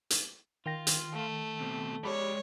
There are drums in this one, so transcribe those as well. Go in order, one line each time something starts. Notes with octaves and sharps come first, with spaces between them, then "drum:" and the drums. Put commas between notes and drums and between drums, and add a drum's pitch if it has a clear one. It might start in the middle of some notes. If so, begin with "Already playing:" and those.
drum: hi-hat
D#3 F4 G5 A#6
drum: hi-hat
A3
B2 C4
G#3 G4 C#5 D5 B5